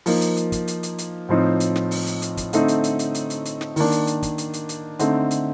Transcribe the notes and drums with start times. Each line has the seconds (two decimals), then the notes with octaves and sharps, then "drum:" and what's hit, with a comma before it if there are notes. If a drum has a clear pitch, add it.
0.06 F3 A#3 D#4, drum: open hi-hat
0.21 drum: hi-hat
0.37 drum: hi-hat
0.52 drum: kick, hi-hat
0.68 drum: hi-hat
0.83 drum: hi-hat
0.98 drum: hi-hat
1.29 A2 F3 C4 D#4
1.60 drum: hi-hat
1.76 drum: snare
1.91 drum: open hi-hat
2.06 drum: hi-hat
2.22 drum: hi-hat
2.37 drum: kick, hi-hat
2.53 D3 A3 C4 D#4, drum: hi-hat
2.68 drum: hi-hat
2.84 drum: hi-hat
2.99 drum: hi-hat
3.15 drum: hi-hat
3.30 drum: hi-hat
3.45 drum: hi-hat
3.61 drum: snare
3.76 D#3 A#3 D4, drum: open hi-hat
3.92 drum: hi-hat
4.07 drum: hi-hat
4.23 drum: kick, hi-hat
4.38 drum: hi-hat
4.53 drum: hi-hat
4.69 drum: hi-hat
4.99 D3 A3 C4 D#4, drum: hi-hat
5.31 drum: hi-hat